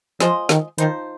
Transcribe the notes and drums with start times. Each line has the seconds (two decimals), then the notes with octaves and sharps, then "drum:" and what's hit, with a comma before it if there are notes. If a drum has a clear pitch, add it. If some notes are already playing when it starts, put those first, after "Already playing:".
0.20 F3 G#3 F4 C5 D#5, drum: snare
0.49 D#3, drum: snare
0.78 D#3 F3 G#3 D#4 C5, drum: hi-hat